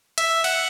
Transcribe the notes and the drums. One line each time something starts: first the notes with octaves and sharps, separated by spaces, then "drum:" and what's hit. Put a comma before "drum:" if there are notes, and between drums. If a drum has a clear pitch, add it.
E5, drum: hi-hat
F#5, drum: cymbal